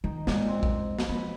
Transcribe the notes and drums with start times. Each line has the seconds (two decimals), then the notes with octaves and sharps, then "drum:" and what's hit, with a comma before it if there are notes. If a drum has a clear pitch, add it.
0.04 D#3 D#4 D#5
0.27 A#2 G#3 D#4, drum: snare
0.48 C4
0.63 drum: kick A#1
0.99 drum: snare
1.09 F3 B4 C#5